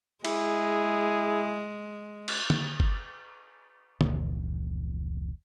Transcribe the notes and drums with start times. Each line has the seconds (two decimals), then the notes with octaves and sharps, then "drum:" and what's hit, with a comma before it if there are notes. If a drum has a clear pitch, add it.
0.25 G#3 E4 G#4, drum: cymbal
2.28 drum: cymbal
2.50 drum: tom D3
2.80 drum: kick
4.01 F1 C#2 A#2 E3, drum: tom D3